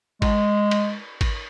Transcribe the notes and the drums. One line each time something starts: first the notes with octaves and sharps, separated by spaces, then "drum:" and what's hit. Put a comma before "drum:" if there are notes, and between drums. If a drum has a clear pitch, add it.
G#3, drum: kick G#1, cymbal
drum: cymbal
drum: kick G#1, cymbal